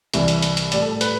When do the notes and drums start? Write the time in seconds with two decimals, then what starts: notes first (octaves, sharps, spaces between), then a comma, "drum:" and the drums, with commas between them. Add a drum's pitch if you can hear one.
0.14 C2 C3 E3 G3 E5, drum: hi-hat
0.28 drum: hi-hat
0.42 drum: hi-hat
0.57 drum: hi-hat
0.72 A2 G3 D5, drum: hi-hat
0.81 A4
0.91 A4
1.01 B4, drum: hi-hat